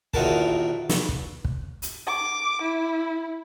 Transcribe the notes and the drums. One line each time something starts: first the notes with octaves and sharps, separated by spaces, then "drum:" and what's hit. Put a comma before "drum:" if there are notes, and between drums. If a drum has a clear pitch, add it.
A#1 E2 D#3 F#4 A#4 A5, drum: kick
drum: snare
drum: kick
drum: kick
drum: hi-hat
D6
E4